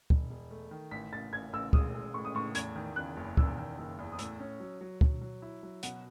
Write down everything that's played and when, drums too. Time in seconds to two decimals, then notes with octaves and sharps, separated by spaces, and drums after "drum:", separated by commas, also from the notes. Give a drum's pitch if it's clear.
0.10 E1, drum: kick
0.30 E1
0.51 A3
0.71 D#3
0.91 A1 B6
1.12 A1 A6
1.33 A1 G#6
1.53 A1 E6
1.73 G#3 D#6, drum: kick
1.94 G#3
2.14 A2 C#6
2.25 D#6
2.35 A2 C#6
2.55 E2 G#6, drum: hi-hat
2.76 D#3
2.96 E2 F#6
3.17 F#1
3.37 E2 E6, drum: kick
3.58 D#3
3.78 F#1
3.99 E2
4.12 D#6
4.19 A2 E6, drum: hi-hat
4.40 C#4
4.60 F#3
4.81 F#3
5.01 F#3, drum: kick
5.21 F#3
5.42 E4
5.63 F#3
5.83 B2 F#5, drum: hi-hat